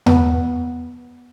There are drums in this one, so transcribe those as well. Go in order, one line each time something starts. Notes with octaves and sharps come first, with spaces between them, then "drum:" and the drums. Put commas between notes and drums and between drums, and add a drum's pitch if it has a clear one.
B3, drum: tom E2